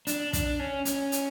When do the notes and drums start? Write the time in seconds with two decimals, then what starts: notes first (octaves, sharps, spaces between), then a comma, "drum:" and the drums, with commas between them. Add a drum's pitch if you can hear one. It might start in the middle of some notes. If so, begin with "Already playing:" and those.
0.07 D4, drum: hi-hat
0.33 D4, drum: kick, hi-hat
0.59 C#4
0.85 C#4, drum: hi-hat
1.12 drum: hi-hat